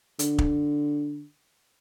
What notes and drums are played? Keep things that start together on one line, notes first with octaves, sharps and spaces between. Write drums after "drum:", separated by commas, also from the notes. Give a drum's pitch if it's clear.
D3, drum: hi-hat
drum: kick